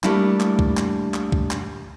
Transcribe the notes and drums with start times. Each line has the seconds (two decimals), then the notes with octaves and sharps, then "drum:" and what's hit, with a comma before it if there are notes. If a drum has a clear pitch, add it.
0.04 G3 A3 A#3 D4 E4, drum: clap
0.40 drum: clap
0.59 drum: kick
0.77 drum: clap
1.14 drum: clap
1.32 drum: kick
1.51 drum: clap